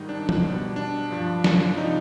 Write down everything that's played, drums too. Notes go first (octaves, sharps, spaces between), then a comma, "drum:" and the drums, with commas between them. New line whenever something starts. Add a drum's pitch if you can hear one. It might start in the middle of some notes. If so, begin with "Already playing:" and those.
Already playing: G#2 D#3 G3 D#4
D4
drum: tom
B2 G3
D4
G2 F3
D4, drum: snare
C3 F3 D#4